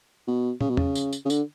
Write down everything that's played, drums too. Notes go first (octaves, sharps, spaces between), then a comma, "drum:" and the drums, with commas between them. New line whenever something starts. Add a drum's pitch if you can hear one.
B2
C#3, drum: tom
B2
C#3, drum: tom E2
drum: tambourine
drum: tambourine
C#3
D3, drum: tambourine